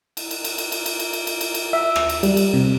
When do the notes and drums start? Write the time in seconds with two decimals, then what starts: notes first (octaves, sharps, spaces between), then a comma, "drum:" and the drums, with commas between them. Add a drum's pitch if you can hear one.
0.17 drum: cymbal
0.31 drum: cymbal
0.44 drum: cymbal
0.58 drum: cymbal
0.72 drum: cymbal
0.86 drum: cymbal
0.99 drum: cymbal
1.13 drum: cymbal
1.27 drum: cymbal
1.41 drum: cymbal
1.54 drum: cymbal
1.73 E5
1.96 drum: rim click
2.09 drum: cymbal
2.23 G3, drum: cymbal
2.37 drum: cymbal
2.54 C3